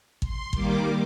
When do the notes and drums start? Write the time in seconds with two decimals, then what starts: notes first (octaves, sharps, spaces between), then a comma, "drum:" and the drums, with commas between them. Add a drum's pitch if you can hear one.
0.22 C6, drum: kick
0.53 D#3 G3 A#3 D6, drum: kick